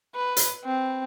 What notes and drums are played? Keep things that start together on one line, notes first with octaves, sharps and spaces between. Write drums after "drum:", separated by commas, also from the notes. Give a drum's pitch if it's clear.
B4
drum: hi-hat
C4